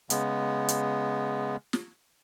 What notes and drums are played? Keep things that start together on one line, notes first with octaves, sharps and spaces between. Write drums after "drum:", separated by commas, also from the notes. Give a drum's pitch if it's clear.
C#3 G#3 B3, drum: hi-hat
drum: hi-hat
drum: snare